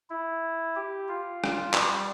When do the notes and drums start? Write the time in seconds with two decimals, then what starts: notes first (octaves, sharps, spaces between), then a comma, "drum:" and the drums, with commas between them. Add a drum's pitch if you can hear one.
0.10 E4
0.76 G4
1.08 F4
1.44 drum: rim click
1.74 G3, drum: clap